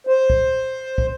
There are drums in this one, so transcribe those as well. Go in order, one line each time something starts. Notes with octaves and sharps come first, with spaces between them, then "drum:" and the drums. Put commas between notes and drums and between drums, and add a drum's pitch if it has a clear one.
C5
drum: kick
drum: kick